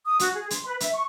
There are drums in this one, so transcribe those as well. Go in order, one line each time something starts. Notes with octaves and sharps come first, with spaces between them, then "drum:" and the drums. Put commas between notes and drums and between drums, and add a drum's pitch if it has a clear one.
D#6
F#4, drum: hi-hat
G#4
C6, drum: hi-hat
B4
E5, drum: hi-hat
C#6